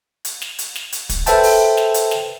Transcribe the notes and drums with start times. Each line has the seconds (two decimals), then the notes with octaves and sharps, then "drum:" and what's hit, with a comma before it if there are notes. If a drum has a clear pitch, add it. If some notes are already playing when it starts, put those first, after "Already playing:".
0.25 drum: hi-hat
0.42 drum: snare
0.59 drum: hi-hat
0.76 drum: snare
0.92 drum: hi-hat
1.09 drum: kick, hi-hat
1.26 A4 B4 C5 E5 G5 A5, drum: hi-hat
1.43 drum: open hi-hat
1.77 drum: snare
1.94 drum: hi-hat
2.11 drum: snare